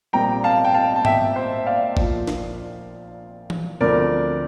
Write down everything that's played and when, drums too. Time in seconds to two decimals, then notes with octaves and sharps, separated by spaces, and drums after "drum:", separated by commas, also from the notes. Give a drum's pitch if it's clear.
0.13 A#1 A#2 G3 C4 G5 A#5
0.44 F5 A5
0.64 G5
0.74 F5 A5
0.96 A5
1.05 E5 G5, drum: tom G#2
1.35 C5 E5
1.66 D5 F5
1.97 A#1 A#2 F3, drum: kick
2.28 drum: snare
3.50 drum: tom E3
3.80 D2 D3 F3 C4 A#4 D5